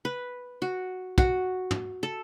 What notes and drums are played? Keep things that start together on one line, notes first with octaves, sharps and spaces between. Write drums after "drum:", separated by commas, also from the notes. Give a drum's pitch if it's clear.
B4
F#4
F#4, drum: kick
drum: tom
A4